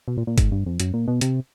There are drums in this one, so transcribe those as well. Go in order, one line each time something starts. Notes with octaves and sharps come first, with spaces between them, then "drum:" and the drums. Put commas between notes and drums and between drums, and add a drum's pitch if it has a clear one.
B2
A#2
A#2
G#2, drum: kick G1, hi-hat
G2
F2
F#2, drum: hi-hat
A#2
B2
C3, drum: hi-hat